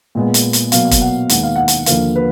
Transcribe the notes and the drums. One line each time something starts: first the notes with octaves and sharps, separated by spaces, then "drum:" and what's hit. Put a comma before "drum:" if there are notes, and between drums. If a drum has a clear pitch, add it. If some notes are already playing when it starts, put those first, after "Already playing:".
A#2 G#3 B3
drum: hi-hat
drum: hi-hat
B2 F#3 A#3 F5, drum: hi-hat
drum: kick E1, hi-hat
F#5
D#2 D#3 G#3 B3 F#5, drum: hi-hat
F5
F#5
drum: hi-hat
D#2 D3 F3 A#3 F5, drum: hi-hat
B4